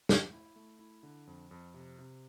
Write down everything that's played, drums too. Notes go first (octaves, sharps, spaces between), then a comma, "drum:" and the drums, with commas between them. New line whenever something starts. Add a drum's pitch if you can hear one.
A3, drum: snare
E4
A3
E4
D3
F2
F2
C3
C3